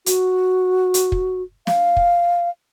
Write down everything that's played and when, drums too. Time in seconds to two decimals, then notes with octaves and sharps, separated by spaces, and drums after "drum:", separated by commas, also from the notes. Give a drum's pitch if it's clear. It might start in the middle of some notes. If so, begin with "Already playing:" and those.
0.06 F#4, drum: hi-hat
0.94 drum: hi-hat
1.12 drum: kick
1.67 F5, drum: snare
1.97 drum: kick